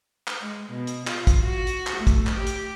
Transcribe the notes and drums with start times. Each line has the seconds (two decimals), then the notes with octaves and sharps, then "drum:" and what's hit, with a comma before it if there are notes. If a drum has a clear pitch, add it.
0.28 drum: clap
0.41 G#3
0.71 B2
0.87 drum: hi-hat
1.07 F4, drum: clap
1.27 drum: kick, hi-hat
1.41 F#4
1.67 drum: hi-hat
1.87 drum: clap
1.96 A3
2.07 drum: kick, hi-hat
2.27 drum: clap
2.37 G4
2.47 drum: hi-hat